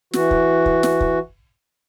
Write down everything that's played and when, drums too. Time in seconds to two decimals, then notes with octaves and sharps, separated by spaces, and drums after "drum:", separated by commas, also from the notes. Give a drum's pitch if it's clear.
0.13 E3 F#4, drum: snare
0.31 drum: kick
0.66 drum: kick
0.83 drum: snare
1.01 drum: kick